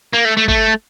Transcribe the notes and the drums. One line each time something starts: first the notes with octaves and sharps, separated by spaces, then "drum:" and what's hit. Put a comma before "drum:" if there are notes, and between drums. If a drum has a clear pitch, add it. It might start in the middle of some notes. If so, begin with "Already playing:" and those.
A#3
A3
A3
A3, drum: kick G1